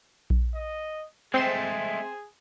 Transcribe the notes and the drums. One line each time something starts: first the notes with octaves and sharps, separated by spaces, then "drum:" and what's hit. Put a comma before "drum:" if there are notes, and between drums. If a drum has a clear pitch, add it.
drum: kick A#1
D#5
G#3 A3 C4 G#4 C6 E7